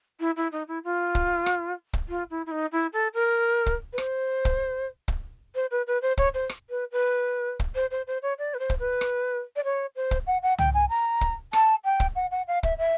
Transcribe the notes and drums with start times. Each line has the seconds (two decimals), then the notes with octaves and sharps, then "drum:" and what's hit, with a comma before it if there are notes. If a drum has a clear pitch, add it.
0.20 E4
0.36 E4
0.52 D#4
0.68 E4
0.84 F4
1.15 drum: kick
1.46 drum: rim click
1.93 drum: kick
2.09 F4
2.30 E4
2.46 E4
2.51 D#4
2.72 E4
2.93 A4
3.14 A#4
3.66 drum: kick
3.93 B4
3.98 C5, drum: rim click
4.45 drum: kick
5.08 drum: kick
5.55 C5
5.71 B4
5.87 B4
6.02 C5
6.18 C#5, drum: kick
6.34 C5
6.49 drum: rim click
6.70 B4
6.92 B4
7.60 drum: kick
7.75 C5
7.91 C5
8.07 C5
8.22 C#5
8.39 D5
8.54 B4
8.59 C5
8.70 drum: kick
8.80 B4
9.01 drum: rim click
9.56 D5
9.64 C#5
9.96 C5
10.11 drum: kick
10.27 F#5
10.43 F#5
10.58 G5, drum: tom
10.74 G#5
10.89 A#5
11.21 drum: kick
11.53 A5, drum: rim click
11.85 G5
12.00 drum: kick
12.15 F#5
12.31 F#5
12.48 F5
12.63 E5, drum: kick
12.78 E5